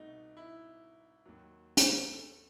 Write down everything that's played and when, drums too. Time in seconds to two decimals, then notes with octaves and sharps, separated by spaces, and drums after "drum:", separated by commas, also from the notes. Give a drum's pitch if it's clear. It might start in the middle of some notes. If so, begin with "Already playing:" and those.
Already playing: C2 B2 A3 D#4
0.37 E4
1.25 D#2 D#3 F#3
1.77 drum: hi-hat
2.13 A4